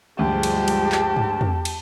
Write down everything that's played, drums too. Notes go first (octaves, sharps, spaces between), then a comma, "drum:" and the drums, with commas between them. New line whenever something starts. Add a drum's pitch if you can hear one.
D2 G2 F3 G#3 G4 A5
drum: cymbal
drum: cymbal
drum: clap
drum: tom G2
drum: tom
drum: cymbal